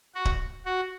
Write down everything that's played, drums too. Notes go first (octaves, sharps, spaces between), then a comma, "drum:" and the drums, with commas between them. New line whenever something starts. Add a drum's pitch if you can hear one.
F#4
drum: kick D1
F#4